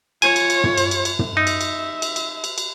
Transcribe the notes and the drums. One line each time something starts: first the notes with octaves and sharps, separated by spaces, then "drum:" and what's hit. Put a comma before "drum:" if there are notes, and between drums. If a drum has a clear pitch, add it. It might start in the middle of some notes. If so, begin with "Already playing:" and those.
F4 C#5 G#5, drum: cymbal
drum: cymbal
drum: cymbal
drum: tom
drum: cymbal
drum: cymbal
drum: cymbal
drum: tom
D#4 E5
drum: cymbal
drum: cymbal
drum: cymbal
drum: cymbal
drum: cymbal
drum: cymbal